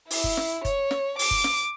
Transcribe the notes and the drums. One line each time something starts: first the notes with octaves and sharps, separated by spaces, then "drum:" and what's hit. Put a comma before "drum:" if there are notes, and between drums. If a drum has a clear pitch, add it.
E4, drum: open hi-hat
drum: kick F#1
drum: snare
C#5, drum: kick F#1, hi-hat
drum: snare
D6, drum: open hi-hat
drum: kick F#1
drum: snare